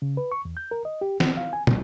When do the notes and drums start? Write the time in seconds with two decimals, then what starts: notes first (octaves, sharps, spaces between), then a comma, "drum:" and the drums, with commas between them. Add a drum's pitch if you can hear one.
0.02 C#3
0.17 B4
0.32 C#6
0.45 E2
0.57 G6
0.71 A#4
0.85 D#5
1.01 G4
1.20 C4, drum: snare
1.37 F5
1.53 G#5
1.67 C2, drum: tom